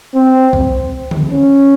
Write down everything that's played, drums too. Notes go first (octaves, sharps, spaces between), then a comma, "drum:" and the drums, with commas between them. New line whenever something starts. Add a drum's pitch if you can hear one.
C4
drum: kick B1
drum: tom D3
C#4